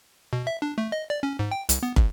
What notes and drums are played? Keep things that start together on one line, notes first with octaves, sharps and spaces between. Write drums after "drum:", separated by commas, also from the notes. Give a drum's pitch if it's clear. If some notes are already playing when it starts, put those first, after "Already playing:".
B2
E5
D4
A3
D#5
D5
C#4
G#2
G5
C2, drum: hi-hat
B3
A1, drum: kick